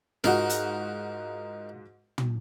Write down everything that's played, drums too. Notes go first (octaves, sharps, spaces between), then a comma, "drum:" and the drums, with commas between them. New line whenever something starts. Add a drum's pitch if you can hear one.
G#2 D#4 F4 F#4 A#4, drum: snare
drum: hi-hat
drum: tom